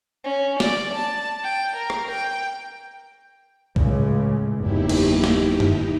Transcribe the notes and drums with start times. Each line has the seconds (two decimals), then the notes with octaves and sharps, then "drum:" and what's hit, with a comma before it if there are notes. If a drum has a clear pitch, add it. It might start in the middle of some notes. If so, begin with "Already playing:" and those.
0.24 C#4
0.60 D5, drum: snare
0.94 A5
1.43 G5
1.76 A#4
1.90 drum: rim click
2.12 G5
3.76 C#2 A2 C#3, drum: kick C2
4.59 F#1 E2 D#4 E4 G4
4.89 drum: cymbal
5.24 drum: snare
5.60 drum: tom F#2